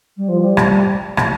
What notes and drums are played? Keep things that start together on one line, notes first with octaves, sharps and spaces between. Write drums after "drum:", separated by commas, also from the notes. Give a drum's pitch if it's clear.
G3
F3
G3
drum: rim click
drum: rim click